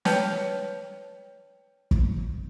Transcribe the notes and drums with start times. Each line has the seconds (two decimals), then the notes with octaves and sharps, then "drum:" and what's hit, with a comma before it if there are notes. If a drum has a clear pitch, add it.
0.05 B4 C#5 G5 A5, drum: snare
1.91 drum: kick